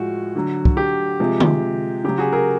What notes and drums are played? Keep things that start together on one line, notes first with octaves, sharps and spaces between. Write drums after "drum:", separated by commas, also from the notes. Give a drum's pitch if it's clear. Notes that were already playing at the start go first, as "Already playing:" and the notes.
Already playing: A2 F3 G#3 F#4
D3 F#3
drum: kick
G4
C3 F3 G#3
drum: tom D3
C#3 F#3 G4
F#4 G#4
G#4 A#4